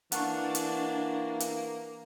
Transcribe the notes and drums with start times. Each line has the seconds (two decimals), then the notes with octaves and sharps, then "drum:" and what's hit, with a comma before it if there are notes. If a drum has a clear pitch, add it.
0.12 E3 A#3 D4 F#5 A5 C#6, drum: hi-hat
0.55 drum: hi-hat
1.40 drum: hi-hat